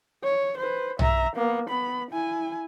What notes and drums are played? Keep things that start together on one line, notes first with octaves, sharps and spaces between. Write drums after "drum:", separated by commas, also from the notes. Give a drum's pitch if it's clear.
C#5
B4 C5
E5 A#5, drum: tom
A#3 B3
B3 B5
E4 G#5